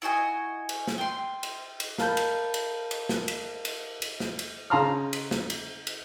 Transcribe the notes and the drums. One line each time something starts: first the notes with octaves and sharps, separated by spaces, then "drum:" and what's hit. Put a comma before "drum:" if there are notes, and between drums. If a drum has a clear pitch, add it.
E4 F#4 D#5 G#5
drum: cymbal
drum: snare
G5 C6
drum: cymbal
drum: cymbal
A#4 F5 A5 B5 G6, drum: snare
drum: cymbal
drum: cymbal
drum: cymbal
drum: snare
drum: cymbal
drum: cymbal
drum: cymbal
drum: snare
drum: cymbal
C#3 F5 A5 A#5 C6 F6
drum: cymbal
drum: snare
drum: cymbal
drum: cymbal